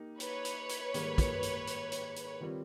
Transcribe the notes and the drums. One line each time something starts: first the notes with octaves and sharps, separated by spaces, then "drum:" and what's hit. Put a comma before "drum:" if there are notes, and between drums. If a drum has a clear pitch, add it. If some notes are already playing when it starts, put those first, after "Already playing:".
Already playing: A#3 D#4 G4
B4 C#5, drum: hi-hat
drum: hi-hat
drum: hi-hat
G#2 D#3 G3 A#3, drum: hi-hat
drum: kick, hi-hat
drum: hi-hat
drum: hi-hat
drum: hi-hat
drum: hi-hat
D#3 G3 C4 F4